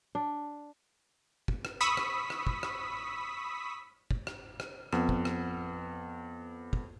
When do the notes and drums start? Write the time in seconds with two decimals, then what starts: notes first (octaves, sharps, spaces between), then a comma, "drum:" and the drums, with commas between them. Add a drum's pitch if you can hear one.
0.15 D4
1.48 drum: kick
1.65 drum: rim click
1.81 B5 C#6 D#6 E6 B6
1.97 drum: rim click
2.30 drum: rim click
2.47 drum: kick
2.63 drum: rim click
4.11 drum: kick
4.27 drum: rim click
4.60 drum: rim click
4.93 F2 B3, drum: rim click
5.09 drum: kick
5.25 drum: rim click
6.73 drum: kick